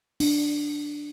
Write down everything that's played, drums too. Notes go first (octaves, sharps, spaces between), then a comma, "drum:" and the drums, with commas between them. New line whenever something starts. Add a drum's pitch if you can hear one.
D4, drum: open hi-hat